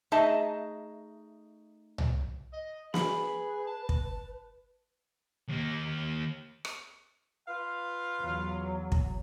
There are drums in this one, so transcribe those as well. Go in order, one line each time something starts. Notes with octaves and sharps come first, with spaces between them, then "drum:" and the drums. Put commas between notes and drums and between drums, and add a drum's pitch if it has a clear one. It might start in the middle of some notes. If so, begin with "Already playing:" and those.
A3 D#4 G#4 D#5 E5 A5
drum: tom C2
D#5
G#4 B4 B5, drum: snare
A5
drum: kick
D#2 A#3
drum: rim click
F4 B4 F5
E2 F#3
drum: kick